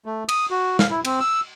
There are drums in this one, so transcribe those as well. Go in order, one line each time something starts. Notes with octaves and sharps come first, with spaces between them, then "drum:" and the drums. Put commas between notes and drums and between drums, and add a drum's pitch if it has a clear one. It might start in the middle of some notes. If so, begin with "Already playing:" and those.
A3
D#6, drum: cymbal
F#4
F5, drum: snare
E4
C4, drum: cymbal
E6